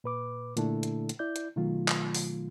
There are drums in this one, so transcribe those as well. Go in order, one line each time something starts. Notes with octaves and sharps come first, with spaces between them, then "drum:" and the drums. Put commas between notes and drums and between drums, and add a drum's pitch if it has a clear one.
A#2 B4 D6
A#2 D3 A3 D4 E4 A4, drum: hi-hat
drum: hi-hat
drum: hi-hat
E4 D5 G6
drum: hi-hat
B2 D#3 F#3 A3 F4
drum: clap
drum: open hi-hat